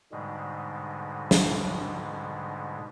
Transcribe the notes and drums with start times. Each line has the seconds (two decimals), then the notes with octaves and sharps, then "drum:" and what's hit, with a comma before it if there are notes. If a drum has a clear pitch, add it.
0.12 G#2 B2 D3 G3 G#3
1.31 drum: snare